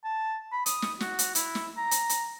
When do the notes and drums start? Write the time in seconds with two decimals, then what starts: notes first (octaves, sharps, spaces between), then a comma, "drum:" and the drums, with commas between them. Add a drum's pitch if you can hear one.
0.04 A5
0.52 B5
0.66 D#6, drum: hi-hat
0.82 drum: snare
1.00 F#4, drum: snare
1.19 drum: hi-hat
1.35 E4, drum: hi-hat
1.55 drum: snare
1.77 A#5
1.91 drum: hi-hat
2.09 drum: hi-hat